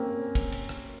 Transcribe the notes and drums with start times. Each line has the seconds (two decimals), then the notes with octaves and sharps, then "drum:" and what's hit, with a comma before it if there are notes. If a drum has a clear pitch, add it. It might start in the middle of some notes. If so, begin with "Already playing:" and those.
Already playing: A#3 C4 C#4
0.35 drum: kick, cymbal
0.52 drum: cymbal
0.69 drum: rim click